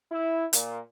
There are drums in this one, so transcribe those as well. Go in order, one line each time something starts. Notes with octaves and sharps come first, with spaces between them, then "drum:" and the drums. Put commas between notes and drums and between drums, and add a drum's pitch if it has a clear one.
E4
A#2, drum: hi-hat